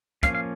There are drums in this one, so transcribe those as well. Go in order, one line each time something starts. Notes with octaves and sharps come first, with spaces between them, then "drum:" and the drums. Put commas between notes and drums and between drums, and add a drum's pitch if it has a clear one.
F3 A#3 C#4 F5, drum: kick, hi-hat
F5